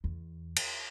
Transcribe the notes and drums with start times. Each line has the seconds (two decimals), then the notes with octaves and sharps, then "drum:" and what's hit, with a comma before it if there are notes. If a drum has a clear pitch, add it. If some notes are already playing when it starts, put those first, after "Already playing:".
0.04 E2
0.57 drum: cymbal